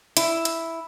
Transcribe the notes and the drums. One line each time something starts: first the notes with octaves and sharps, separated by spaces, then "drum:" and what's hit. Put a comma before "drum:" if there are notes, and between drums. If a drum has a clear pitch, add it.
E4, drum: hi-hat
drum: hi-hat